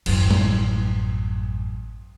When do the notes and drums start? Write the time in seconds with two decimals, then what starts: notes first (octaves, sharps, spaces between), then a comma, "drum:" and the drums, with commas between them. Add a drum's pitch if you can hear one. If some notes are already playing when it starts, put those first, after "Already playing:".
0.06 A1 F#2, drum: cymbal
0.31 drum: tom G3